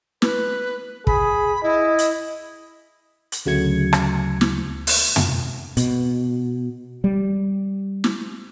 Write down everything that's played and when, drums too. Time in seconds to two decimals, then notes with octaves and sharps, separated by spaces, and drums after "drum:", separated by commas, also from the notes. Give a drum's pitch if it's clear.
0.22 B4, drum: snare
1.07 G#4 B5, drum: kick
1.63 E4 D#5
1.98 drum: hi-hat
3.32 drum: hi-hat
3.46 D2 C#3 F#3 A3 G#6 C#7
3.93 drum: rim click
4.41 drum: snare
4.87 drum: open hi-hat
5.16 drum: tom
5.77 B2, drum: hi-hat
7.04 G3
8.04 drum: snare